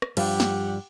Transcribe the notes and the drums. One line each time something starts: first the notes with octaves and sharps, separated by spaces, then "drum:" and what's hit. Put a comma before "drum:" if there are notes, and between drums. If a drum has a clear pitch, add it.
drum: rim click
G2 F3 G3 G4 F#5, drum: cymbal
drum: snare